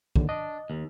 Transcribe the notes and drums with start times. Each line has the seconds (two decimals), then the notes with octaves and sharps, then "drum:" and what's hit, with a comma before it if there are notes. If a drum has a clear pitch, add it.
0.16 D#2 D3, drum: kick
0.29 D4 D#5
0.70 D#2